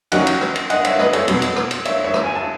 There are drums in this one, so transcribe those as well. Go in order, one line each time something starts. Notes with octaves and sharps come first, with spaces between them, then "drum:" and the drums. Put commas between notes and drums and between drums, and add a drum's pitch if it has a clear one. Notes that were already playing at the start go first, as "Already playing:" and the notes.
D#3 F#3 C#4 D#5 F#5, drum: cymbal
drum: cymbal
drum: rim click
drum: cymbal
D#5 F#5, drum: cymbal
C#5 E5, drum: cymbal
B4 D#5, drum: rim click
A4 C#5, drum: cymbal
B2 F#3 B3, drum: cymbal
drum: cymbal
drum: rim click
drum: cymbal
C#5 E5, drum: cymbal
C#5 E5
drum: rim click
G#5
A5